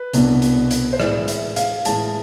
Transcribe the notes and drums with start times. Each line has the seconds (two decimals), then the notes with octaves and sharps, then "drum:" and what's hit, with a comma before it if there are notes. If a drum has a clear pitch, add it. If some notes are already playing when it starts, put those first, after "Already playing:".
Already playing: B4
0.13 C2 B2 B3 D4, drum: hi-hat
0.42 drum: hi-hat
0.71 drum: hi-hat
0.93 C5
1.00 A2 E3 G#3 D5, drum: rim click
1.28 E5, drum: hi-hat
1.56 F5, drum: hi-hat
1.85 A2 E3 G#3 A5, drum: hi-hat